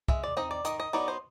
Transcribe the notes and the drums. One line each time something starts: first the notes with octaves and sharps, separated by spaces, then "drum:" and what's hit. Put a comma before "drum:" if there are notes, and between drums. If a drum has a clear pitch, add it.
G#3 E5, drum: kick
D5
C4 D#4 D#5
D5
D#3 D#5, drum: hi-hat
D#5
F#3 B3 D#4 D5
C5